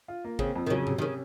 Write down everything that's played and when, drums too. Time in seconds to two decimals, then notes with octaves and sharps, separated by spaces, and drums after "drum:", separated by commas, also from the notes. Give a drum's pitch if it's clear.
0.08 F4
0.25 A#3
0.39 C#3 C4, drum: kick
0.56 F2
0.66 D#3
0.70 C#3 F#3
0.87 C3, drum: tom G#2
0.98 D#3
1.02 C#3 C#4